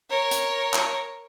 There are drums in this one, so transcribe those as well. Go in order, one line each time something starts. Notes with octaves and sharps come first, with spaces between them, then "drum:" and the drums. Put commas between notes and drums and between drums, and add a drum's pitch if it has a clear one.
A#4 C#5
drum: hi-hat
drum: clap